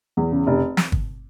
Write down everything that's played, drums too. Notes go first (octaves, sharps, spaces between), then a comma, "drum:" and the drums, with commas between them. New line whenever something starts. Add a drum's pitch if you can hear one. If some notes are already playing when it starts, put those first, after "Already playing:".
E2
C#3
F1
drum: snare
drum: kick G1